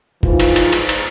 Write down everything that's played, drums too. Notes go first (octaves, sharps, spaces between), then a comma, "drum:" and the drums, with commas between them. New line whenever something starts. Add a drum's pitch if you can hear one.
G#2 E3 F3 F4, drum: kick
drum: cymbal
drum: cymbal
drum: cymbal
drum: cymbal